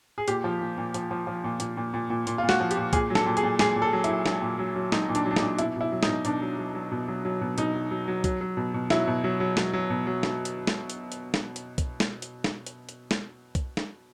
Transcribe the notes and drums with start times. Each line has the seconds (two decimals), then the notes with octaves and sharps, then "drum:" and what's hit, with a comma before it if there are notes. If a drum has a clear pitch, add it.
0.18 G#4
0.28 A#2 G4, drum: hi-hat
0.44 F3
0.61 A#2
0.78 A#2
0.94 F3, drum: hi-hat
1.11 F3
1.27 F3
1.44 A#2
1.60 A#2, drum: hi-hat
1.77 A#2
1.94 A#2
2.10 A#2
2.27 A#2, drum: hi-hat
2.38 F4
2.43 A#2
2.49 F#4, drum: snare
2.60 F3
2.71 G4, drum: hi-hat
2.77 A#2
2.93 A#2 G#4, drum: kick, hi-hat
3.10 F#3
3.15 A4, drum: snare
3.26 A#2
3.37 G#4, drum: hi-hat
3.43 A#2
3.59 A#2 G#4, drum: snare
3.76 A#2
3.82 A4
3.93 F#3
4.04 E4, drum: hi-hat
4.10 F#3
4.26 F#3, drum: snare
4.42 A#2
4.59 F#3
4.76 F#3
4.92 F#3 D#4, drum: snare
5.09 A#2
5.15 D4, drum: hi-hat
5.25 F#3
5.31 D4
5.36 D#4, drum: snare
5.42 A#2
5.59 B2 E4, drum: hi-hat
5.76 B2 E4
5.92 F#3
6.03 D#4, drum: snare
6.09 B2
6.25 B2 D4, drum: hi-hat
6.42 F#3
6.58 F#3
6.74 F#3
6.91 B2
7.08 F#3
7.25 F#3
7.41 B2
7.58 B2 D#4, drum: hi-hat
7.74 F#3
7.91 F#3
8.08 F#3
8.24 F#3, drum: kick, hi-hat
8.41 F#3
8.57 B2
8.74 B2
8.90 F#3 E4, drum: snare
9.07 B2
9.24 F#3
9.40 F#3
9.57 F#3, drum: snare
9.73 F#3
9.90 B2
10.07 F#3
10.23 drum: snare
10.45 drum: hi-hat
10.67 drum: snare
10.90 drum: hi-hat
11.12 drum: hi-hat
11.34 drum: snare
11.56 drum: hi-hat
11.78 drum: kick, hi-hat
12.00 drum: snare
12.22 drum: hi-hat
12.44 drum: snare
12.67 drum: hi-hat
12.89 drum: hi-hat
13.11 drum: snare
13.55 drum: kick, hi-hat
13.77 drum: snare